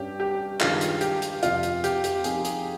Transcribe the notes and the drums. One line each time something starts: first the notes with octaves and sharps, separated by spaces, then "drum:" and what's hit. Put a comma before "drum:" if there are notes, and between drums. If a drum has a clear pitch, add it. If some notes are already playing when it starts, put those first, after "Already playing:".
Already playing: G2 G3 C#4 G4
G4
G2 D#3 G#3 C#4 F4 G#4, drum: clap
drum: hi-hat
G4, drum: hi-hat
drum: hi-hat
F2 C3 F3 F4, drum: hi-hat
drum: hi-hat
G4, drum: hi-hat
G4, drum: hi-hat
F3 C4 D#4 G#4 A#4, drum: hi-hat
G#4, drum: hi-hat